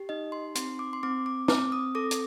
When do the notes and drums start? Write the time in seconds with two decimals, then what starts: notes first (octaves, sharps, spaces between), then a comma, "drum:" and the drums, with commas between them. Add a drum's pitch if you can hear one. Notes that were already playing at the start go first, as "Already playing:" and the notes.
Already playing: G4
0.09 D#4 D#5
0.32 C6
0.55 C4 C6, drum: hi-hat
0.79 D6
0.93 C6
1.03 C4 D6
1.26 D6
1.48 C4 D6, drum: snare
1.72 D#6
1.95 A4 D6
2.11 drum: hi-hat